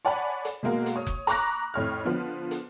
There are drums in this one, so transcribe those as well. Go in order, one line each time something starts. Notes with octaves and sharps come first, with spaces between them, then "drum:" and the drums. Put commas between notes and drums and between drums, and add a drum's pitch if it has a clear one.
C#5 D5 F#5 G#5 A5 B5
drum: hi-hat
B2 G#3 A#3 F#4
drum: hi-hat
C#5 D#6
drum: kick F1
A#5 B5 C#6 D6 F#6 A#6, drum: hi-hat
F2 A2 C#5 F6
D3 F3 B3
drum: hi-hat